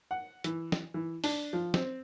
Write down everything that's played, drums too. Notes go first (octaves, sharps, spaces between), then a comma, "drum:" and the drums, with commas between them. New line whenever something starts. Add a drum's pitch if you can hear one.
F#5
E3, drum: hi-hat
drum: snare
E3
D4, drum: open hi-hat
F3
C4, drum: snare